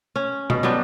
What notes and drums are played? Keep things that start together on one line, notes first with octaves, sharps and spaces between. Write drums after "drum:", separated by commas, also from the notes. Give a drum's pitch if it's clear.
C#4
B2, drum: tom B2
F#3 G3 B3 D4